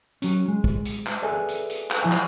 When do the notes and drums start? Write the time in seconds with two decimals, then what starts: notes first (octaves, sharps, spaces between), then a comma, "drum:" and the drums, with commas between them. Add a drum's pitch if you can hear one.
0.22 F#3 C#4, drum: hi-hat
0.48 G#3
0.64 drum: kick
0.85 drum: hi-hat
1.06 drum: clap
1.22 G#4 A4 B4 D5 E5 G#5
1.48 drum: hi-hat
1.69 drum: hi-hat
1.91 drum: clap
2.02 F3 E4 E5 G#5
2.12 drum: clap